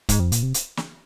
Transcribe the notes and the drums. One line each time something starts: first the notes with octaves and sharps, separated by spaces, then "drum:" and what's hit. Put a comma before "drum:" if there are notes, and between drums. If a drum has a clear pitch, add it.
G#2, drum: kick C#1, hi-hat
F2
A#2, drum: hi-hat
C3
drum: hi-hat
drum: snare